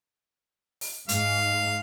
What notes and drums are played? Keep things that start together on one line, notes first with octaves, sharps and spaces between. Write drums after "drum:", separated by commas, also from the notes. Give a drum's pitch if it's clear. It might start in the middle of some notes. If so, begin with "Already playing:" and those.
drum: open hi-hat
G#2 F5, drum: hi-hat